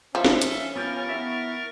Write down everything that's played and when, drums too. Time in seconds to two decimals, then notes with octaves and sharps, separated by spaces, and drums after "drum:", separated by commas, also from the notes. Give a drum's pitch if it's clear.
0.15 F3 C#4 A4 E5 F5
0.24 drum: snare
0.41 drum: hi-hat
0.76 B3 F4 G4 A#4 C#6 A6
1.09 B3 E4 E5